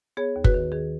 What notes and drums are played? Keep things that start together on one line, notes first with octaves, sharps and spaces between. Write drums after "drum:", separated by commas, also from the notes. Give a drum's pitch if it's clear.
B3 G#4 C#5
D#2
F#4 B4, drum: kick F#1
D#3
D#3 G#4